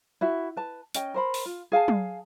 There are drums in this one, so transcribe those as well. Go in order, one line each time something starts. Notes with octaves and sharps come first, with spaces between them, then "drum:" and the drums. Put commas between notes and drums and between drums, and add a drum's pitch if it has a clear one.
E4 F#4 E5
B4 A5
C#4 D#5 G5, drum: hi-hat
A#4 C5 B5
drum: open hi-hat
F4
G#4 F5 G#5 A5
drum: tom F#3